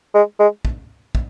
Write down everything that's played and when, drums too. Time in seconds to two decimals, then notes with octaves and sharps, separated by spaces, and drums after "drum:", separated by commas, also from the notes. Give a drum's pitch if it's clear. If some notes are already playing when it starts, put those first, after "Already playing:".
0.15 G#3
0.39 G#3
0.65 drum: kick
1.15 drum: kick